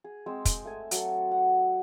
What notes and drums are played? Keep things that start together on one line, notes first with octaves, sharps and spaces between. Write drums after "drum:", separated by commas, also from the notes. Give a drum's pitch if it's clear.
G#4
G#3 C4 E6
drum: kick, hi-hat
A3 G#5
F#3 A4, drum: hi-hat
F#5